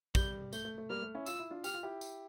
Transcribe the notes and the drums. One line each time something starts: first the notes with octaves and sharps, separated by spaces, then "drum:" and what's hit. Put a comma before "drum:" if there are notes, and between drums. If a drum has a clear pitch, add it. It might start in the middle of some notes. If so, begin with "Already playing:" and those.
G3 G6, drum: kick, tambourine
A3 G6, drum: tambourine
A3
A3
G3 A#3 F6
A3
C#4 E4
F4 E6, drum: tambourine
E4
D4 F4
G4 F6, drum: tambourine
F4
E4 G4
drum: tambourine